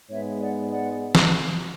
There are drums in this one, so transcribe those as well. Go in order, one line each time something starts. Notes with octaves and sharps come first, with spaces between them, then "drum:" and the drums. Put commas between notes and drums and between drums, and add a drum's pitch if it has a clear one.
G#2 G#3 B3 C#5 E5
D5 F#5
D5 F#5
drum: snare